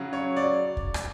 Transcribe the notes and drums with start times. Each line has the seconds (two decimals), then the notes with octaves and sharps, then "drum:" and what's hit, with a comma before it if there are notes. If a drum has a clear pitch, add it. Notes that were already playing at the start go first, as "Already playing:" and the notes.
Already playing: C#3 F#3
0.13 C#5
0.36 D5
0.77 drum: kick
0.94 drum: rim click